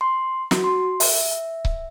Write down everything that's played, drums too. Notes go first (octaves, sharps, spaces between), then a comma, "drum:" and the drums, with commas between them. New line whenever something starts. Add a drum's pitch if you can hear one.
C6
F#4, drum: snare
C6
E5, drum: open hi-hat
drum: kick C#1